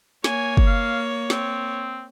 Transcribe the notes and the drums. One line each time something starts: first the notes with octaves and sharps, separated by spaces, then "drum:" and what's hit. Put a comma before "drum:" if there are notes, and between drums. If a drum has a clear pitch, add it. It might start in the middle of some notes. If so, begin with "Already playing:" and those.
A#3 C#5 G#5, drum: snare
drum: kick
F5
C4, drum: snare